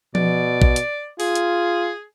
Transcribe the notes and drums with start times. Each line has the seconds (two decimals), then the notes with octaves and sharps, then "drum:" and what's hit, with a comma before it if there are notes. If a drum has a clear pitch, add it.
0.15 B2 D5, drum: tom F3
0.62 drum: kick
0.76 drum: hi-hat
1.20 F4 G#4, drum: open hi-hat
1.35 drum: hi-hat